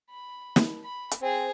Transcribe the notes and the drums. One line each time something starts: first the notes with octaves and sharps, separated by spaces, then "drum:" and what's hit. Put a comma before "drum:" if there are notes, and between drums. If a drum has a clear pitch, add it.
B5
drum: snare
B5
drum: hi-hat
C4 G#4 C5